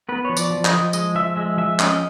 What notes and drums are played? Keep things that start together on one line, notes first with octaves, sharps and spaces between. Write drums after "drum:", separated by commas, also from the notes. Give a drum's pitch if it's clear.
B3 B4
F3 C#5
D5, drum: tambourine
F3
D#5, drum: clap
F3
G#3 D#5, drum: tambourine
F3 E5
G#3 E5
F3 E5
C#4 D#5, drum: clap